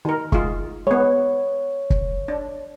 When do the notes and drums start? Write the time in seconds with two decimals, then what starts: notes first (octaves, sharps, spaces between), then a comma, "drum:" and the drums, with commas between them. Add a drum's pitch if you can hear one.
0.05 D#3 A#4
0.32 G#3 F4, drum: kick
0.87 G#3 B3 C#5
1.90 drum: kick
2.28 D4